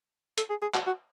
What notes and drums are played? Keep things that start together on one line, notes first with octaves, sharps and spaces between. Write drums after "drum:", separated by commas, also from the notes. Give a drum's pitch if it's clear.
A4, drum: hi-hat
G#4
G#4
F#4, drum: clap
F#4